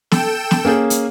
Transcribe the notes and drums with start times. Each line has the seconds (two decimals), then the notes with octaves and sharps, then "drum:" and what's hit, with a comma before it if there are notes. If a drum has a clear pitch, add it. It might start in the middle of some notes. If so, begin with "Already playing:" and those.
0.12 A4 G5 E7, drum: snare
0.51 drum: snare
0.65 A#3 C#4 G#4
0.90 drum: hi-hat